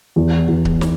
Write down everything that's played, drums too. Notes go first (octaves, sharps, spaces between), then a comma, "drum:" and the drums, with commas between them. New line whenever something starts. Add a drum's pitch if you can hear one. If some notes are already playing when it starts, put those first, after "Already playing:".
E2
E2
drum: kick C#1
drum: snare